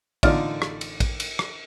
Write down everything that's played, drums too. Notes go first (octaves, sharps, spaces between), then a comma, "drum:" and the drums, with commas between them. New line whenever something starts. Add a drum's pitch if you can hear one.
A1 D3 D#4 F4 D5 F6, drum: kick, cymbal
drum: rim click
drum: cymbal
drum: kick, cymbal
drum: cymbal
drum: rim click